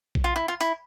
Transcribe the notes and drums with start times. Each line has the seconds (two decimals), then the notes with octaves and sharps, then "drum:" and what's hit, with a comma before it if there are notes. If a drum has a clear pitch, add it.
0.15 drum: kick A#1
0.24 F4
0.36 E4
0.48 F4
0.60 E4, drum: tambourine